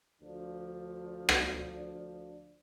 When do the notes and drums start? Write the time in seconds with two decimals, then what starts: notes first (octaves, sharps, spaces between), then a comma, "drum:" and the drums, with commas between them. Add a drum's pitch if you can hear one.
0.21 D2 F3 D4
1.29 drum: rim click